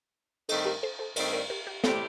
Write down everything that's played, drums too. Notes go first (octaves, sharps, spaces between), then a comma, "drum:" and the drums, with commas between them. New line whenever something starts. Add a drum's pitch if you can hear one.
G2 D#3 A3 C4 D#4 A4, drum: cymbal
G4 A#4
A4 C5
A4 C5
G2 D#3 A3 C4 D#4 A#4 D5, drum: cymbal
A#4 D5
G4 A#4
G4
A2 G3 C4 G4 A4, drum: snare